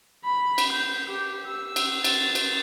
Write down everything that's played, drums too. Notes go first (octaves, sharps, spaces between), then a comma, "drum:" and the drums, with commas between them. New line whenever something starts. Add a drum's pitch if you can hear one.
B5
drum: cymbal
G6
G4
E6
drum: cymbal
A6, drum: cymbal
drum: cymbal